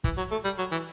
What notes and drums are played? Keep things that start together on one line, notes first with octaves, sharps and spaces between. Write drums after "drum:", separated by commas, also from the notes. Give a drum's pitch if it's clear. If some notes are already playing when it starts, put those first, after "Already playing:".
E3, drum: kick
F#3
A3
G3
F#3
E3